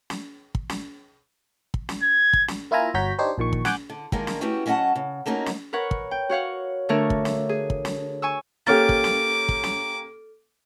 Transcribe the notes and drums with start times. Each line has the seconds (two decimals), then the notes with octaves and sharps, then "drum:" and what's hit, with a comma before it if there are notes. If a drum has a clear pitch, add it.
0.10 drum: snare
0.55 drum: kick
0.69 drum: snare
1.74 drum: kick
1.89 drum: snare
2.03 G#6
2.33 drum: kick
2.48 drum: snare
2.71 A#3 E4 F4 E5 G#5 A#5
2.94 G1 F#4 C#5 A#5 G6 B6
3.18 D4 D#4 G4 C5 C#5
3.38 A#1 A#2 D#3 C#6
3.53 drum: kick
3.65 F#5 G#5 D6 F#6 G6, drum: snare
3.90 D3
4.12 D#3 G#3 A#3 D4, drum: kick
4.27 drum: snare
4.41 A3 B3 C#4 E4 F#4 G4
4.66 F#3 C#4 D#5 F5 F#5 A5
4.96 C#3
5.26 A3 A#3 C#4 D#4 F#4
5.46 drum: snare
5.73 A#4 B4 C#5 F#5
5.91 drum: kick
6.11 G5
6.29 F#4 C#5 F5 F#5
6.89 D3 A3 D4 A#4 C#5
7.10 drum: kick
7.25 drum: snare
7.49 G#4
7.70 drum: kick
7.85 drum: snare
8.22 G#5 C#6 E6
8.67 A#3 C#4 G4 A4 D6 F6 A6
8.89 drum: kick
9.04 drum: snare
9.49 drum: kick
9.64 drum: snare